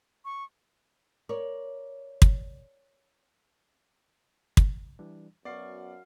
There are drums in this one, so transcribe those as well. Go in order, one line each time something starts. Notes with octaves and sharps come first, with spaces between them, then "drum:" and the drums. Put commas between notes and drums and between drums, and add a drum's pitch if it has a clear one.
C#6
A#4 C#5 D5
drum: kick
drum: kick
E3 G3 D4
F#2 B3 F#4 D5 F5 C#6 C7